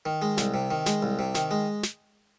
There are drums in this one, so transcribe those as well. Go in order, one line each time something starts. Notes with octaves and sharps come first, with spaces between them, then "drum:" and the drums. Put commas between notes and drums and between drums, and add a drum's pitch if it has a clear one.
D#3
G#3
C2, drum: snare
C3
D#3
G#3, drum: snare
C2
C3
D#3, drum: snare
G#3
drum: snare